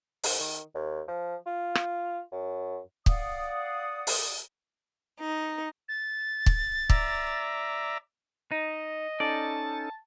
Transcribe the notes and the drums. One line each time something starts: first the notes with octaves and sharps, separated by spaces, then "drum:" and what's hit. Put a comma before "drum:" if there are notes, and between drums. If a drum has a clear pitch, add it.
G#2, drum: open hi-hat
D#3
D#2
F3
F4
drum: rim click
F#2
D5 F5 F#5 D#6, drum: kick
drum: open hi-hat
D#4
A6
drum: kick
D5 E5 A#5, drum: kick
D#4 D#5
C#4 D#4 A4 D5 A5